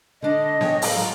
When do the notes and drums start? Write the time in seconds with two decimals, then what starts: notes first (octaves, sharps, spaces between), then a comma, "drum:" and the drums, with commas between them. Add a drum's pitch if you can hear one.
0.22 D3 D4 D#5
0.61 C#5 G5 G#5, drum: snare B3
0.82 A2 F5, drum: open hi-hat
0.97 F#3 F4 A#5